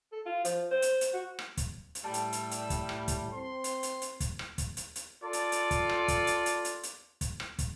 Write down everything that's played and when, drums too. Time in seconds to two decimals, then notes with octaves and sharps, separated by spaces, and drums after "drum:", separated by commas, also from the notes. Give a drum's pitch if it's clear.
0.12 A4
0.26 F4
0.45 F3, drum: hi-hat
0.71 C5
0.82 drum: hi-hat
1.01 drum: hi-hat
1.14 F#4
1.39 drum: rim click
1.57 drum: kick, hi-hat
1.95 drum: hi-hat
2.04 A2 G3 A5 E6
2.14 drum: hi-hat
2.33 drum: hi-hat
2.51 drum: hi-hat
2.70 drum: kick, hi-hat
2.89 drum: rim click
3.08 drum: kick, hi-hat
3.33 C4 C6
3.64 drum: hi-hat
3.83 drum: hi-hat
4.02 drum: hi-hat
4.20 drum: kick, hi-hat
4.39 drum: rim click
4.58 drum: kick, hi-hat
4.77 drum: hi-hat
4.96 drum: hi-hat
5.23 F4 A4 D5
5.33 drum: hi-hat
5.52 drum: hi-hat
5.71 drum: kick, hi-hat
5.89 drum: rim click
6.08 drum: kick, hi-hat
6.27 drum: hi-hat
6.46 drum: hi-hat
6.65 drum: hi-hat
6.83 drum: hi-hat
7.21 drum: kick, hi-hat
7.40 drum: rim click
7.59 drum: kick, hi-hat